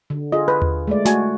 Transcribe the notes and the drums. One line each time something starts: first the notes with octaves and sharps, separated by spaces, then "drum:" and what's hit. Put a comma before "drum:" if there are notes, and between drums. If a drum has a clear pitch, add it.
D3
F4 G#4 D#5
B4
drum: tom D#2
G#3 A3 D5
A3 F#4 G#5, drum: snare